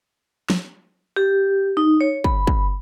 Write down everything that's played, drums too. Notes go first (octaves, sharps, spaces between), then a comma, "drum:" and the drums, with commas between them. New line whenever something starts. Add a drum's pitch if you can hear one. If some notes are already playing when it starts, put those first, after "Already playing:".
drum: snare
G4
D#4
C#5
B5, drum: kick
drum: kick